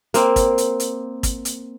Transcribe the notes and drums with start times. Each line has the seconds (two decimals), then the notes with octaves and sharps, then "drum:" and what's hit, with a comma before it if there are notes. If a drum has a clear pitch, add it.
0.14 A#3 C4, drum: hi-hat
0.36 drum: kick, hi-hat
0.58 drum: hi-hat
0.80 drum: hi-hat
1.23 drum: kick, hi-hat
1.45 drum: hi-hat